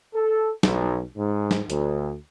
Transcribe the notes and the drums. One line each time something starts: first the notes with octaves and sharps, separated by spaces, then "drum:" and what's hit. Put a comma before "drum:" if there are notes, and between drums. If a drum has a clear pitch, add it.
A4
B1, drum: snare
G#2
drum: snare
D2, drum: hi-hat